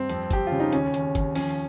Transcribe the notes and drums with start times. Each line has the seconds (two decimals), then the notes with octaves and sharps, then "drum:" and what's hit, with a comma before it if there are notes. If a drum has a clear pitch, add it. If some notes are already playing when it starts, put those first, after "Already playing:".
Already playing: G2 C4
0.09 F2, drum: hi-hat
0.31 F2 G4, drum: kick G1, hi-hat
0.47 C#3 F4
0.60 D#4
0.73 D#2 C#4, drum: hi-hat
0.94 D#2, drum: hi-hat
1.15 D#2, drum: kick G1, hi-hat
1.35 F3 C#4, drum: open hi-hat